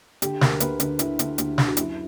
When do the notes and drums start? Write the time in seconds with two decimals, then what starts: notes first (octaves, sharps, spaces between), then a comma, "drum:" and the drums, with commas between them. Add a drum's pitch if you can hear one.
0.22 D3 G4, drum: hi-hat
0.41 D2 A#4, drum: snare
0.60 D2 B4, drum: hi-hat
0.80 D3 B4, drum: hi-hat
0.99 D3 E4, drum: hi-hat
1.19 D2, drum: hi-hat
1.38 D2, drum: hi-hat
1.58 D3, drum: snare
1.68 F#4
1.77 F#2 E4, drum: hi-hat